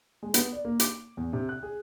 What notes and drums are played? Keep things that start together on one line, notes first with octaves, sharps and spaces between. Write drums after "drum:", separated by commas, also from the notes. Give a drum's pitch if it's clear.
G#3
B3, drum: hi-hat
D5
A#3
D6, drum: hi-hat
E2
C3
F#6
G#4